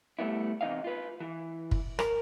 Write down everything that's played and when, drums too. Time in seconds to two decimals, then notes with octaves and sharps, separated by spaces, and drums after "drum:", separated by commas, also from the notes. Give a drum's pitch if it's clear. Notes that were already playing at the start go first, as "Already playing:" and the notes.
0.19 G3 A3 B3 E4
0.61 C3 E3 D#4 D#5 F5
0.84 F4 B4
1.20 E3
1.71 drum: kick
1.99 A#4, drum: rim click